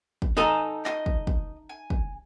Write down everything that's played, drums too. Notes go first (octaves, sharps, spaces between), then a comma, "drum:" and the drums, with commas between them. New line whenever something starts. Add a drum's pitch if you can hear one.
drum: kick
D#4 A4 G#5 A#5 D#6
D#5, drum: clap
drum: kick
drum: kick
G#5
drum: kick